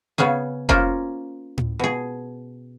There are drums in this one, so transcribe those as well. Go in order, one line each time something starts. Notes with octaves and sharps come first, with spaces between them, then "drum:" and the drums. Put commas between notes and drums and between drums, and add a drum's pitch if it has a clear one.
C#3 B3 C#4 G#4
A#3 C#4 F4 A#4 C5, drum: kick F1
drum: tom A2
B2 G#4